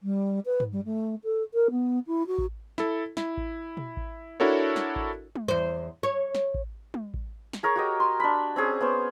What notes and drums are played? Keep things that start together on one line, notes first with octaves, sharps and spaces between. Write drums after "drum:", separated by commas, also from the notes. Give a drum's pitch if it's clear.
G3
B4
drum: tom G2
G3
A3
A4
A#4
B3
E4
F#4
drum: kick A1
E4 A4, drum: snare
E4, drum: snare
drum: kick A1
drum: tom
drum: kick A1
D4 E4 F#4 A4 A#4 C#5
drum: snare
drum: kick A1
drum: tom
E2 C5
C#5
drum: snare
drum: kick A1
drum: tom
drum: kick A1
drum: snare
G#4 A#4 C#5
F#4 G4 D#5
C6
D4 B5
C4 C#4 G#4 D5
B3 C#4 C5